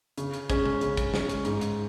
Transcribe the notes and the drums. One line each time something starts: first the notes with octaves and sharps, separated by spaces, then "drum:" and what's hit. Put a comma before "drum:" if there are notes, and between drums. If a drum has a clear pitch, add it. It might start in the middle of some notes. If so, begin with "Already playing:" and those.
C#3, drum: hi-hat
drum: hi-hat
G#3 C#4, drum: kick, hi-hat
drum: tom B2
C#3, drum: hi-hat
drum: kick, hi-hat
G#3 C#4, drum: snare
drum: hi-hat
G#2, drum: hi-hat
drum: hi-hat